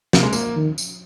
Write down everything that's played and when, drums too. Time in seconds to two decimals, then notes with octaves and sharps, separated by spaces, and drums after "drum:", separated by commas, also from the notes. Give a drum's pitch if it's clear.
0.13 C3 A#3, drum: snare
0.23 G#3
0.33 A#3, drum: tambourine
0.56 D#3
0.78 drum: tambourine